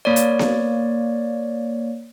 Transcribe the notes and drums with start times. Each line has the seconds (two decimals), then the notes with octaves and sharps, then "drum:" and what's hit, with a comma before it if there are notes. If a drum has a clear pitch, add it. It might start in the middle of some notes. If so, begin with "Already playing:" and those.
0.05 A#3 C#5 D5
0.16 drum: hi-hat
0.39 drum: snare B3